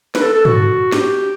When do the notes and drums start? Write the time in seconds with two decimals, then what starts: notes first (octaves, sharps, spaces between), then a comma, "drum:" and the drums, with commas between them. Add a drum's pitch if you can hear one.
0.15 B4, drum: snare
0.22 A4
0.33 A4
0.45 F#4, drum: tom
0.92 G4, drum: snare